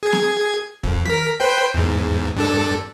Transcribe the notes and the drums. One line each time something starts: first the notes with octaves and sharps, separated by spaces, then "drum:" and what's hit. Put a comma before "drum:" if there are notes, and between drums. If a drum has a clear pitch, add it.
G#4 G#6
drum: snare
F2, drum: kick
A#4 B6, drum: tom
B4 C5 G5
E2 G#2
G2 D4 A4